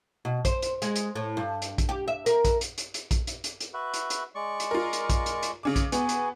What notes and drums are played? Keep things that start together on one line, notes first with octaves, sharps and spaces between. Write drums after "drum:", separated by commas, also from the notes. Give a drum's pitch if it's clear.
B2
C5, drum: kick A#1, hi-hat
drum: hi-hat
G#3, drum: hi-hat
drum: hi-hat
A2
G2
drum: hi-hat
drum: kick A#1, hi-hat
G4
E5
A#4, drum: hi-hat
drum: kick A#1, hi-hat
drum: hi-hat
drum: hi-hat
drum: hi-hat
drum: kick A#1, hi-hat
drum: hi-hat
drum: hi-hat
drum: hi-hat
F#4 B4 E5
drum: hi-hat
drum: hi-hat
G#3 D5 C#6
drum: hi-hat
F4 A#4
drum: hi-hat
drum: kick A#1, hi-hat
drum: hi-hat
drum: hi-hat
C#3 C#4 D6
drum: kick A#1, hi-hat
B3 F#4 G#4 G#5, drum: hi-hat
drum: hi-hat